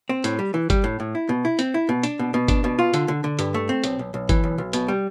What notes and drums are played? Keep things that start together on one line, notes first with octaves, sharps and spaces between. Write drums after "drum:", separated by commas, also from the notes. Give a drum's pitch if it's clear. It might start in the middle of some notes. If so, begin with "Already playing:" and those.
C4
A2, drum: hi-hat
G3
E3
G3, drum: kick G1, hi-hat
A2
A2
E4
B2
E4
C4, drum: hi-hat
E4
B2
D4, drum: hi-hat
B2
B2
D4, drum: kick G1, hi-hat
B2
F4
D3, drum: hi-hat
D3
D3
G2, drum: hi-hat
A3
C4
B1, drum: hi-hat
B1
B1
E3, drum: kick G1, hi-hat
B1
B1
B2, drum: hi-hat
G3